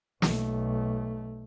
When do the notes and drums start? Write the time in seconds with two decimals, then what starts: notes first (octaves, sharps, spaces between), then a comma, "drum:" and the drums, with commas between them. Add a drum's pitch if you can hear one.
0.22 B1 A3, drum: snare